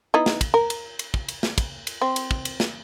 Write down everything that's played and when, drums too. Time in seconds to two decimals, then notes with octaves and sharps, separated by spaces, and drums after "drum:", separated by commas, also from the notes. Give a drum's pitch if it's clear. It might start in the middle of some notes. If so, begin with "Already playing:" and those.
0.14 B3 D#4 E4
0.26 drum: snare
0.41 drum: kick, cymbal
0.54 A#4
0.70 drum: cymbal
0.99 drum: cymbal
1.14 drum: kick
1.28 drum: cymbal
1.43 drum: snare
1.58 drum: kick, cymbal
1.87 drum: cymbal
2.01 C4
2.16 drum: cymbal
2.31 drum: kick
2.45 drum: cymbal
2.60 drum: snare